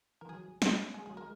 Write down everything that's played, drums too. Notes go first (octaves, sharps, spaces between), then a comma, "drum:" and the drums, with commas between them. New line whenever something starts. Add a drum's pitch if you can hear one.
E3 A#4
F#3 G#4
G#4, drum: snare
G#3 G#4
F#3 G#4
G#3 A#4